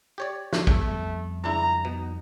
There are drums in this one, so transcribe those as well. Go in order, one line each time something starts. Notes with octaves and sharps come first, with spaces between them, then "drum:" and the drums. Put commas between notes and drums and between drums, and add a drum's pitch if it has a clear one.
G4 C#5 D5
drum: snare
F2 G3 A3 B3, drum: kick
C#2 D4 E4 A#5
B2 D#4